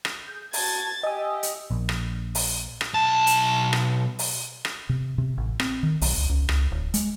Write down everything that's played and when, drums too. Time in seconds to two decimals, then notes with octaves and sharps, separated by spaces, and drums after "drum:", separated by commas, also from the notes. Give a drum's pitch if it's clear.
0.05 drum: rim click
0.24 G#4 G6
0.53 F#4 A5 G#6 A6, drum: open hi-hat
1.03 G4 D#5 E5 G#5 D#6 E6
1.43 drum: hi-hat
1.71 A#1
1.89 drum: rim click
2.35 drum: open hi-hat
2.81 drum: rim click
2.94 B1 A5
3.27 drum: hi-hat
3.73 drum: rim click
4.19 drum: open hi-hat
4.65 drum: rim click
4.89 C3
5.18 C3
5.38 A1
5.60 C4, drum: rim click
5.83 D#3
6.02 B1, drum: open hi-hat
6.17 C#2
6.29 C#2
6.49 C#2, drum: rim click
6.71 D1
6.94 G#3, drum: hi-hat